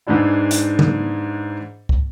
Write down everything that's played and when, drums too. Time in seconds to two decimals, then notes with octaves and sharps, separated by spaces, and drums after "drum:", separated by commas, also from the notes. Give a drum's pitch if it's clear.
0.07 G#2 E3 G#3 D4 E4
0.51 drum: hi-hat
0.79 drum: tom C#3
1.89 drum: kick